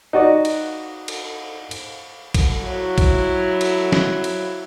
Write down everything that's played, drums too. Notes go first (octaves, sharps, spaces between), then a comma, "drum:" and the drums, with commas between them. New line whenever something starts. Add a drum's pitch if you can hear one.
D#4 F#4 D5
drum: cymbal
drum: cymbal
drum: cymbal
drum: kick A#1, cymbal
F#3 E4
drum: kick A#1, cymbal
drum: cymbal
drum: snare
drum: cymbal